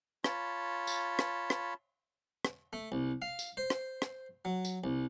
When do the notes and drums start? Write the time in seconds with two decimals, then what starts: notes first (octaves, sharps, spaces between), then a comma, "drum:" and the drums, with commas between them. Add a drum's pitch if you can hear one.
0.24 F4 C#5 A5 B5, drum: rim click
0.87 drum: tambourine
1.19 drum: rim click
1.50 drum: rim click
2.45 drum: rim click
2.73 A3
2.92 C2
3.22 F5
3.39 drum: tambourine
3.57 C5
3.70 drum: rim click
4.02 drum: rim click
4.45 F#3
4.65 drum: tambourine
4.84 C2